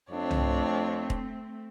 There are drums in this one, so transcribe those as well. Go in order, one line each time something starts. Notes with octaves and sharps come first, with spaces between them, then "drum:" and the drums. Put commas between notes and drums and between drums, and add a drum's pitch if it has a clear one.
F2 A3 C4 D4 C#5
drum: tom
drum: kick